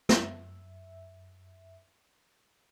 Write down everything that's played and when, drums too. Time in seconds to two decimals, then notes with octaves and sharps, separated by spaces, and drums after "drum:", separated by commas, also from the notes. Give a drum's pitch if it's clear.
0.09 F#2 E5, drum: snare